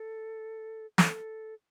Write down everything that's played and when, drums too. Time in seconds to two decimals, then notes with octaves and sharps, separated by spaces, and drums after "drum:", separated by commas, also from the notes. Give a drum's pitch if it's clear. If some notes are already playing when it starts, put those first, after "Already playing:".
Already playing: A4
0.98 A4, drum: snare